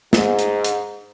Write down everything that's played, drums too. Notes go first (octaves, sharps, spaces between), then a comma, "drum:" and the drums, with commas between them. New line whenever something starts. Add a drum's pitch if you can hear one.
G#2, drum: snare
drum: hi-hat
drum: hi-hat